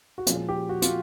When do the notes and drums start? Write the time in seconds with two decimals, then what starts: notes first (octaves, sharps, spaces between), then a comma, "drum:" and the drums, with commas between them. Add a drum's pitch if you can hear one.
0.18 F#4
0.26 A#2 F3 G#3 C#4 F4, drum: hi-hat
0.49 G4
0.69 F#4
0.82 F4, drum: hi-hat